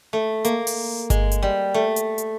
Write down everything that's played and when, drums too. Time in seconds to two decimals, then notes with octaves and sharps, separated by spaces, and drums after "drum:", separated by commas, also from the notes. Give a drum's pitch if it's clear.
0.13 A3
0.45 A#3, drum: hi-hat
0.67 drum: open hi-hat
1.10 G#3, drum: kick G1, hi-hat
1.31 drum: hi-hat
1.43 G3
1.74 A3
1.96 drum: hi-hat
2.18 drum: hi-hat